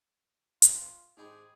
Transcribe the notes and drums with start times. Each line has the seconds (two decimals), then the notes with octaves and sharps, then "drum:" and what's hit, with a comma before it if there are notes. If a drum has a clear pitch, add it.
0.62 F4, drum: hi-hat
1.17 G#2 C4 D4 D#4 G4 G#4 D#5 B5